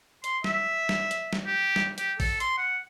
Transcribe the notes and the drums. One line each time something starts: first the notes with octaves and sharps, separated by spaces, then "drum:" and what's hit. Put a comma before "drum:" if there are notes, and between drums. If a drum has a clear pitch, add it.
C6, drum: hi-hat
E5, drum: snare
drum: snare
drum: hi-hat
drum: snare
G4
drum: snare
G4, drum: hi-hat
A4, drum: kick A1, open hi-hat
C6, drum: hi-hat
F#5